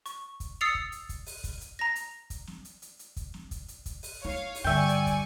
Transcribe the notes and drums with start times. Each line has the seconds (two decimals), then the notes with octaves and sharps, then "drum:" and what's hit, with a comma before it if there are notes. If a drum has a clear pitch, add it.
0.06 C#6, drum: hi-hat
0.40 drum: kick, hi-hat
0.61 D#6 E6 A6 C7 C#7 F7
0.75 drum: kick
0.92 drum: hi-hat
1.09 drum: kick, hi-hat
1.26 drum: open hi-hat
1.44 drum: kick, hi-hat
1.61 drum: hi-hat
1.79 A#5 A#6
1.96 drum: hi-hat
2.30 drum: kick, hi-hat
2.47 drum: snare
2.65 drum: hi-hat
2.82 drum: hi-hat
2.99 drum: hi-hat
3.16 drum: kick, hi-hat
3.34 drum: snare
3.51 drum: kick, hi-hat
3.68 drum: hi-hat
3.86 drum: kick, hi-hat
4.03 drum: open hi-hat
4.25 E4 C#5 F5
4.55 drum: open hi-hat
4.64 G2 D3 D5 E5 G5 G#5 C#6
4.89 drum: hi-hat
5.07 drum: kick, hi-hat